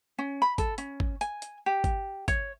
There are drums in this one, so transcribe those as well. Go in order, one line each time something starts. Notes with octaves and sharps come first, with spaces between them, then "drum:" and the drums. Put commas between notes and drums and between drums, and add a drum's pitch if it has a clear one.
C#4
B5
A4, drum: kick, hi-hat
C#4, drum: hi-hat
drum: kick
G#5, drum: hi-hat
drum: hi-hat
G4
drum: kick, hi-hat
C#5, drum: kick, hi-hat